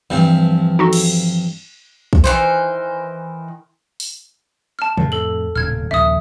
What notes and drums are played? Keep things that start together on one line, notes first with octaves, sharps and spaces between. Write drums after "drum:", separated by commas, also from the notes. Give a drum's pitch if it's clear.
G2 E3 F3 G3 C4
D#4 F#4 A4
drum: cymbal
drum: kick
D#3 E3 C5
drum: open hi-hat
A5 F6
F2 A2, drum: tom C3
A4 F#7
D#1 A2 C#3 F6 G#6
A#1 D#2 C#3 E5 D#6